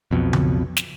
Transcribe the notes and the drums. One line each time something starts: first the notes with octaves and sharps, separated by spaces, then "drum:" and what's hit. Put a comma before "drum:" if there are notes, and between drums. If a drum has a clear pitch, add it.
B1 F2 B2
drum: tom C#3
drum: snare